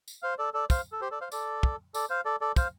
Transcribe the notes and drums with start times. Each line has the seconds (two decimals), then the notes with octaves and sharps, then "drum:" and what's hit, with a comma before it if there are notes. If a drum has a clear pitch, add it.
0.08 drum: tambourine
0.23 C5 F5
0.38 A4 D5
0.54 A4 D5
0.70 C5 F5, drum: kick, tambourine
0.92 A4
1.01 G4 C5
1.11 A4 D5
1.21 C5 F5
1.32 A4 D5, drum: tambourine
1.63 drum: kick
1.94 A4 D5, drum: tambourine
2.10 C5 F5
2.25 A4 D5
2.41 A4 D5
2.56 C5 F5, drum: kick, tambourine